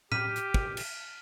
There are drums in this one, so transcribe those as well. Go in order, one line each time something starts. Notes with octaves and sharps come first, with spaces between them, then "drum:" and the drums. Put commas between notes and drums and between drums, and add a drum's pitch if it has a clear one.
G4 F6 B6 D#7, drum: tom A2
drum: hi-hat
drum: kick
drum: cymbal